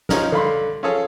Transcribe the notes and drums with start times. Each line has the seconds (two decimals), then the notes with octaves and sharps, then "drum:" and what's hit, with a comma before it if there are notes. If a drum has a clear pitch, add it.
0.09 F3 C#4 D#4 G#4 A#4, drum: snare
0.32 D3 F5 B5 C6
0.83 C#4 F4 G#4 A4 C#5